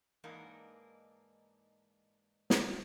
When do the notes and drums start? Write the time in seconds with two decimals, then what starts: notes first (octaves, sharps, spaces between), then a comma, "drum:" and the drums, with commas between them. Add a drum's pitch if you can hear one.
0.24 G#2 E3 A#3 D4 D#4
2.50 drum: snare